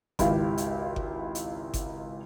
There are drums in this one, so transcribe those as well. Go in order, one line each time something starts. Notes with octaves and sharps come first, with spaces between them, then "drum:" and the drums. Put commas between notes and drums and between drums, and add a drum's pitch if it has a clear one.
G#1 C#2 E4 G4 F5, drum: kick G1, hi-hat
drum: hi-hat
drum: kick G1
drum: hi-hat
drum: kick G1, hi-hat